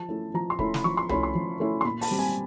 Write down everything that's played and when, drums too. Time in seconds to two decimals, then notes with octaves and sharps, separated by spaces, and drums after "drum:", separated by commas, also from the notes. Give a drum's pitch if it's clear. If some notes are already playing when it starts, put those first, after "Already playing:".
Already playing: F3 A5
0.09 A3 C#4 E4
0.34 F3 A#5
0.50 C6
0.59 A3 C#4 E4 B5, drum: kick
0.74 drum: snare
0.84 F3 C#6
0.97 C6
1.09 A3 C#4 E4 B5, drum: tom C2
1.23 C6
1.35 F3
1.60 A3 C#4 E4
1.81 C6
1.85 A#2 B5
2.01 A5, drum: open hi-hat
2.11 G3 C4
2.19 G#5